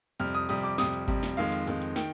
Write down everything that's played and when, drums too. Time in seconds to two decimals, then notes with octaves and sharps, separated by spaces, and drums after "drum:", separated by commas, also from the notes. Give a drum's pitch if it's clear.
0.20 F2 C3 G3 F6, drum: hi-hat
0.35 D#6, drum: hi-hat
0.49 F2 C3 G3 D#6, drum: hi-hat
0.64 D6
0.78 F2 C3 G3 D#6, drum: snare
0.93 drum: hi-hat
1.08 F2 C3 G3, drum: kick G#1, hi-hat
1.23 drum: snare
1.37 F2 D#3 G#3 F5, drum: hi-hat
1.52 drum: hi-hat
1.67 F2 D#3 G#3, drum: hi-hat
1.82 drum: hi-hat
1.96 D#3 G5, drum: snare